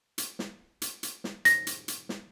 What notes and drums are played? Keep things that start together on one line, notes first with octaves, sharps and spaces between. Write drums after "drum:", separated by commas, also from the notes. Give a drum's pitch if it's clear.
drum: hi-hat
drum: snare
drum: hi-hat
drum: hi-hat
drum: snare
A#6, drum: hi-hat
drum: hi-hat
drum: hi-hat
drum: snare